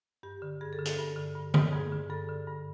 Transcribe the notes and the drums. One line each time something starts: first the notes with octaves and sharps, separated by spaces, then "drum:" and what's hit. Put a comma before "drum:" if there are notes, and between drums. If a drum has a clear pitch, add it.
G2 G4
D3
G2 G#4
A4
D3
A4, drum: hi-hat
G2
D3
G2
D3, drum: tom D3
G2 G#4
D3
G2 A4
D3
G2